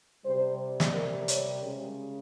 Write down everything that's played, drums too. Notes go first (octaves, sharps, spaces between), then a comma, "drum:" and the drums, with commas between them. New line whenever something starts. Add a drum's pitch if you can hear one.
C3 G3 C5
drum: snare
A#4
C#5, drum: hi-hat
C#3 G#3 A#4